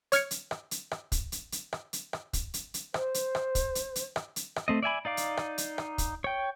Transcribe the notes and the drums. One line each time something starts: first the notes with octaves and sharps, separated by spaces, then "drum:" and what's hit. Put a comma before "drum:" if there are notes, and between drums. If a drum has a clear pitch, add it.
C#5 F6 G#6 C#7, drum: hi-hat
drum: hi-hat
drum: rim click
drum: hi-hat
drum: rim click
drum: kick, hi-hat
drum: hi-hat
drum: hi-hat
drum: rim click
drum: hi-hat
drum: rim click
drum: kick, hi-hat
drum: hi-hat
drum: hi-hat
C5, drum: rim click
drum: hi-hat
drum: rim click
drum: kick, hi-hat
drum: hi-hat
drum: hi-hat
drum: rim click
drum: hi-hat
drum: rim click
A3 C4 D#5
D5 E5 G#5 B5
D#4 D5 F5 D6
drum: hi-hat
drum: rim click
drum: hi-hat
drum: rim click
drum: kick, hi-hat
C#5 G5